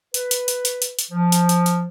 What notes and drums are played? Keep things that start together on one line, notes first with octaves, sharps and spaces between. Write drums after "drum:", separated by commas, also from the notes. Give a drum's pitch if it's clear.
B4, drum: hi-hat
drum: hi-hat
drum: hi-hat
drum: hi-hat
drum: hi-hat
drum: hi-hat
F3
drum: hi-hat
drum: hi-hat
drum: hi-hat